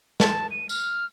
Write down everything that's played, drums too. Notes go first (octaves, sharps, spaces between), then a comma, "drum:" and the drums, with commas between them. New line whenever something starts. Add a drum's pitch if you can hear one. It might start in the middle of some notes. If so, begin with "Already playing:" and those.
A5, drum: snare
D#7
F6, drum: tambourine